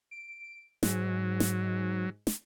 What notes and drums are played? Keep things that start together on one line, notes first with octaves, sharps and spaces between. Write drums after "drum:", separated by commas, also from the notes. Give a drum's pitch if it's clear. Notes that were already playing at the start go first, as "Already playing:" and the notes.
D7
G#2 F#3, drum: snare
drum: snare
drum: snare